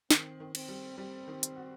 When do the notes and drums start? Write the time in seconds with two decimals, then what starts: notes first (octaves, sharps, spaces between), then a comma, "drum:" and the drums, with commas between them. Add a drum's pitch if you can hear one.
0.11 D#3 C4, drum: snare
0.40 D#3
0.55 C4, drum: cymbal
0.69 G3
0.98 G3 C4
1.28 D#3
1.43 drum: hi-hat
1.56 F#4